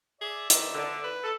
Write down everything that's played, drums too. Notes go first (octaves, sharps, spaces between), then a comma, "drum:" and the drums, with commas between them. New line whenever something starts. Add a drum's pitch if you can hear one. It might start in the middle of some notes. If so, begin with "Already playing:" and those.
G#4 D5 E5
D#3, drum: hi-hat
D3
B4
A4